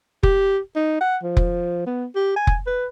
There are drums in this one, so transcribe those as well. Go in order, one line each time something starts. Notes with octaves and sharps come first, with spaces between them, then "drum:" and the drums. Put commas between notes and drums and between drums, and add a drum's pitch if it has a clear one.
G4, drum: kick F1
D#4
F#5
F3
drum: kick F1
B3
G4
G#5
drum: kick F1
B4